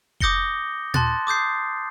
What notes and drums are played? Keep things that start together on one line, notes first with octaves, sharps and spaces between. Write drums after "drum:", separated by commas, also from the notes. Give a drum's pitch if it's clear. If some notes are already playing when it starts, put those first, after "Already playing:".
D6 D#6 G6 A#6 C#7 G7, drum: kick F1
A5 C6 F#6 A6, drum: tom A#2
D6 D#6 G6 C7